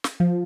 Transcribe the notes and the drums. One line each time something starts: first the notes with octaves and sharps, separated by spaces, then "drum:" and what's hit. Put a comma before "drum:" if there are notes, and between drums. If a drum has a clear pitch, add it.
drum: snare
F3